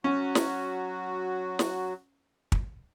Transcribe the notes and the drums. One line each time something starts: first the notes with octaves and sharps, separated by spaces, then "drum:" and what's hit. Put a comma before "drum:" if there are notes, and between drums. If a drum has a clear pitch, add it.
F#3 C#4 F#4
drum: snare
drum: snare
drum: kick